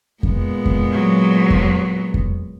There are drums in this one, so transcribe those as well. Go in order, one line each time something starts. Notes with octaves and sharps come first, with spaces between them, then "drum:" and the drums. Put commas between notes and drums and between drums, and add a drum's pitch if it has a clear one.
A#2 G#3 B3, drum: kick F2
drum: kick F2
F#3
drum: kick F2
drum: kick F2